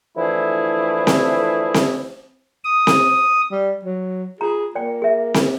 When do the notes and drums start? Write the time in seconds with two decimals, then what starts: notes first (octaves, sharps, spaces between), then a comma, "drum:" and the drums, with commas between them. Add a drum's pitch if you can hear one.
0.17 D3 E3 F3 A3 E4 G#4
1.07 drum: snare C4
1.74 drum: snare C4
2.64 D#6
2.87 drum: snare C4
3.51 G3
3.85 F#3
4.41 F4 G#4 A#5
4.75 A#3 D5 G5
5.02 G#4 E5
5.34 drum: snare C4